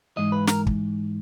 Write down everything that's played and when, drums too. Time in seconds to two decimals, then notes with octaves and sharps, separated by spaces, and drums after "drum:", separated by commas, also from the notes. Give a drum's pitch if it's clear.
0.17 G#2 E3 G#3 D#5
0.32 B4
0.47 A#4, drum: snare
0.67 drum: kick